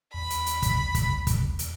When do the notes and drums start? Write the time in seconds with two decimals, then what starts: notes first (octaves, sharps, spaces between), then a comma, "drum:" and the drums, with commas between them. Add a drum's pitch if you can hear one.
0.14 E2 B5
0.30 drum: hi-hat
0.46 drum: hi-hat
0.62 drum: kick, hi-hat
0.95 drum: kick, hi-hat
1.27 drum: kick, hi-hat
1.59 drum: hi-hat